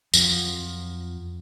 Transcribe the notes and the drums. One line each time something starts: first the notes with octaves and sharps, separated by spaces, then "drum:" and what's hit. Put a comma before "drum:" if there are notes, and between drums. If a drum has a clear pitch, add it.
F2 F3 F#3, drum: tambourine